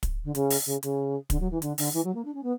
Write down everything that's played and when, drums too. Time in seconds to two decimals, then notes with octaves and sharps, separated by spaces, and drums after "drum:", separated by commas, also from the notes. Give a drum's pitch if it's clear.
0.03 drum: kick, hi-hat
0.24 D3
0.35 C#3, drum: hi-hat
0.50 drum: open hi-hat
0.66 C#3
0.83 C#3, drum: hi-hat
1.30 D3, drum: kick, hi-hat
1.40 F#3
1.51 E3
1.62 D3, drum: hi-hat
1.78 D3, drum: open hi-hat
1.94 E3
2.04 F#3
2.14 A#3
2.25 D4
2.34 C#4
2.43 B3